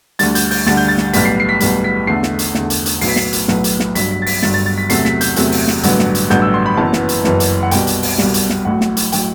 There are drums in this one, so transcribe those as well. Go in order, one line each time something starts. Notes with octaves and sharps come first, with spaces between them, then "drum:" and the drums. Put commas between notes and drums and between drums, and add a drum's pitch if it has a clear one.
D2 D3 G3 A6, drum: hi-hat
G6, drum: hi-hat
G6, drum: open hi-hat
D2 D3 G3 A6, drum: snare
G6
A6
drum: snare
B1 A2 G3 B3 B6, drum: hi-hat
C7
C7
B6
B1 A2 G3 B3, drum: hi-hat
B6
E2 D3 A3 C7
drum: snare
drum: hi-hat
E2 D3 A3, drum: snare
drum: hi-hat
drum: hi-hat
B1 A2 F#3 B3 C7, drum: open hi-hat
B6
C7, drum: snare
drum: hi-hat
B1 A2 F#3 B3, drum: snare
drum: hi-hat
drum: snare
G1 G2 F#3 B6, drum: hi-hat
B6
A6
B6, drum: open hi-hat
G1 G2 F#3 A6, drum: snare
A6
A6
B6
E2 C3 F#3 A3 C7, drum: hi-hat
B6, drum: snare
G6, drum: hi-hat
E2 C3 F#3 A3, drum: hi-hat
drum: open hi-hat
drum: snare
A1 G2 D3 F#3 B3, drum: hi-hat
drum: snare
drum: hi-hat
A1 G2 D3 F#3 B3 G6, drum: snare
E6
C6
B5
F#1 F#2 E3 B3 A5
drum: snare
drum: hi-hat
F#1 F#2 E3 B3, drum: snare
drum: hi-hat
F#5
C2 B2 G3 G5, drum: hi-hat
drum: hi-hat
drum: open hi-hat
C2 B2 G3, drum: snare
drum: hi-hat
drum: snare
A1 A2 F#3 F#5
drum: snare
drum: hi-hat
A2 F#3 G5, drum: hi-hat